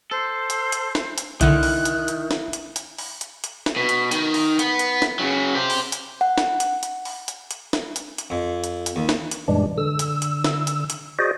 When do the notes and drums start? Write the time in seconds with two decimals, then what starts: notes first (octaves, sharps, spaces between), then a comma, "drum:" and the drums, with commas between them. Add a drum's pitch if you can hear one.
0.11 A4 C5
0.50 drum: hi-hat
0.72 drum: hi-hat
0.95 drum: snare
1.18 drum: hi-hat
1.41 C2 D3 D#3 E4 E5 F#6, drum: hi-hat
1.63 drum: open hi-hat
1.85 drum: hi-hat
2.08 drum: hi-hat
2.31 drum: snare
2.53 drum: hi-hat
2.76 drum: hi-hat
2.98 drum: open hi-hat
3.21 drum: hi-hat
3.44 drum: hi-hat
3.66 drum: snare
3.76 B2
3.89 drum: hi-hat
4.11 D#3, drum: hi-hat
4.34 drum: open hi-hat
4.59 B3, drum: hi-hat
4.79 drum: hi-hat
5.02 drum: snare
5.19 C#3 F#3
5.55 G4 C5
5.70 drum: open hi-hat
5.92 drum: hi-hat
6.21 F#5
6.38 drum: snare
6.60 drum: hi-hat
6.83 drum: hi-hat
7.05 drum: open hi-hat
7.28 drum: hi-hat
7.51 drum: hi-hat
7.73 drum: snare
7.96 drum: hi-hat
8.18 drum: hi-hat
8.30 F2
8.64 drum: hi-hat
8.86 drum: hi-hat
8.96 D#2
9.09 drum: snare
9.31 drum: hi-hat
9.48 F#2 A#2 E3 G3 G#3 D4
9.78 D3 E6
9.99 drum: hi-hat
10.22 drum: hi-hat
10.44 drum: snare
10.67 drum: hi-hat
10.90 drum: hi-hat
11.19 F#4 G#4 C5 D5 D#5